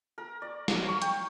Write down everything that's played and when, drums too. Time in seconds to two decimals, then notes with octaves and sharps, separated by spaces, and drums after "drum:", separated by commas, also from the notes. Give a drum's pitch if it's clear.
0.18 A#4
0.42 D5
0.68 F#3, drum: snare
0.88 C#6
1.02 G5, drum: hi-hat